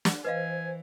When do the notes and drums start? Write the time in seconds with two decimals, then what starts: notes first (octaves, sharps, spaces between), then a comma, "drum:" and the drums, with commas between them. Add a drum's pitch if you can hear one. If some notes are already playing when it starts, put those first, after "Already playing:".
0.05 drum: snare
0.25 E3 B4 C5 D#5 F5 G#5